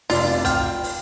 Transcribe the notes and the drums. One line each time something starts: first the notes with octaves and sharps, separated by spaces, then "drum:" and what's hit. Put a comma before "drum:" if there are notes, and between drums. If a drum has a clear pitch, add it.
F1 F4 D5 C6, drum: open hi-hat
G5 F6, drum: kick, hi-hat
drum: open hi-hat